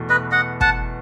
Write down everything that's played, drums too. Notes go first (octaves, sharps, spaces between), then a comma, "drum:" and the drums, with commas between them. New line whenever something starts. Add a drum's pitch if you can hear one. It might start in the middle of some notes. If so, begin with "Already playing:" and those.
Already playing: E2 B2 A3
B4 D#5
D#5 F#5
F#5 A5, drum: kick